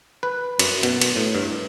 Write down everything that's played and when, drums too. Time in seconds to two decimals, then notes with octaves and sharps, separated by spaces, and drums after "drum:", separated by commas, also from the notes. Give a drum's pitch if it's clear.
0.23 B4
0.59 F#2, drum: cymbal
0.83 B2, drum: cymbal
1.01 drum: cymbal
1.16 A2
1.35 G2